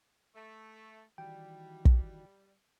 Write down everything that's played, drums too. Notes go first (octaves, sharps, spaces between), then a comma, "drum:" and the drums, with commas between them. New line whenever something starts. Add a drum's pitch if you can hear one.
A3
D#3 E3 G3 F#4 G5
drum: kick